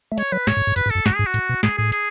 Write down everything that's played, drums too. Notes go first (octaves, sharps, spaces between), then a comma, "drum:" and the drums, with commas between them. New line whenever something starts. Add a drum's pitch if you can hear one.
A3
G#3 C#5, drum: hi-hat
F#3 B4
A2 C#5, drum: snare
G#2
G#2
F#2 B4, drum: hi-hat
G#2
F#2 A4
G#2 F#4, drum: snare
G#2 G#4
F#4
A2, drum: hi-hat
B2
A2 G#4, drum: snare
A2 G#4
G#4, drum: hi-hat